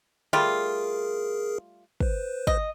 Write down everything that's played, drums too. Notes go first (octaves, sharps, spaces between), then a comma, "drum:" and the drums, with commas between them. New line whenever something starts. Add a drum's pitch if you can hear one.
G3 A3 F4 G#4 A#4, drum: tom D3
B4 C5, drum: kick
D#5, drum: kick